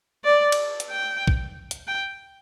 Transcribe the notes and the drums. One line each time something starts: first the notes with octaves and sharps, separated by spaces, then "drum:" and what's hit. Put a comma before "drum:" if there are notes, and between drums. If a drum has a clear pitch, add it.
D5
drum: cymbal
drum: hi-hat
G5
drum: kick
drum: hi-hat
G5